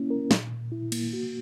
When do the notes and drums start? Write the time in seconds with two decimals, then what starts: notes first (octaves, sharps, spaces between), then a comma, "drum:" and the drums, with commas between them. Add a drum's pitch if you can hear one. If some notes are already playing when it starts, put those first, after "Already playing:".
Already playing: A#3 C#4 E4
0.10 A#4
0.31 A#2, drum: snare
0.51 A#2
0.72 E4
0.92 A#3, drum: cymbal
1.13 F#4